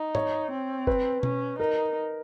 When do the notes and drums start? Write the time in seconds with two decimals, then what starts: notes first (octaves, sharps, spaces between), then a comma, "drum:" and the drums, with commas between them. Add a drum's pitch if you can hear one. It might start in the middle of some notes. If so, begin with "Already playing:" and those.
Already playing: D#4
0.15 C#5, drum: tom G#2
0.51 C4
0.87 B4, drum: kick F#1
1.23 C#4, drum: tom B2
1.59 D#4 A#4